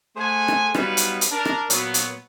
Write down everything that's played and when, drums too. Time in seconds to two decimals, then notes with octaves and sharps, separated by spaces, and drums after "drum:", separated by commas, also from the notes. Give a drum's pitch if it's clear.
0.17 A3 G#4 C5 F#5 G#5
0.48 drum: rim click
0.75 F#3 G3 B3 D#4 F4 B4, drum: rim click
0.97 drum: hi-hat
1.21 drum: hi-hat
1.32 D4 A#4
1.45 drum: rim click
1.70 A#2 F#3 B3, drum: hi-hat
1.94 drum: hi-hat